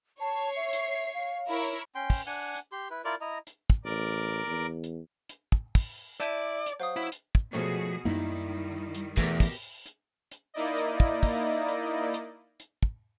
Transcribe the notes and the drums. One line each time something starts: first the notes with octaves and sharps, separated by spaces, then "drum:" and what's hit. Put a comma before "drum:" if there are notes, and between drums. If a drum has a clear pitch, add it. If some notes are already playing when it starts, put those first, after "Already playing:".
C#5 A5 C7
E5
drum: hi-hat
F5
E4 A#4 C#5
drum: hi-hat
C#4 G5 C6
drum: kick, open hi-hat
D4 F#5 G#5
drum: hi-hat
G4 C6
E4 B4
E4 F4 A#4 D5
E4 D#5 A#5
drum: hi-hat
drum: kick
A1 A#4 D5
E2
drum: hi-hat
drum: hi-hat
drum: kick
drum: kick, open hi-hat
E4 D5 A5 G6 D#7, drum: hi-hat
drum: hi-hat
F#3 C5 F5 D#6
F#3 E4
drum: hi-hat
drum: kick
B2 F3 A3 F#4 G#4 C#5
F#2 D#3 G3 A#3 D#4 E4
drum: hi-hat
E2 B2 A3 G4 A#4 B4 E5, drum: kick
drum: kick, open hi-hat
drum: hi-hat
drum: hi-hat
A#3 D#4 E4 D5 D#5
drum: hi-hat
drum: kick
drum: kick, open hi-hat
drum: hi-hat
drum: hi-hat
drum: hi-hat
drum: kick